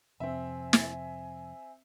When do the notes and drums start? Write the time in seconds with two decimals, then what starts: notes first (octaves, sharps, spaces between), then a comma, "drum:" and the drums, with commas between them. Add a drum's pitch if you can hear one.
0.20 F2 C3 C4 E5 G#5
0.73 drum: snare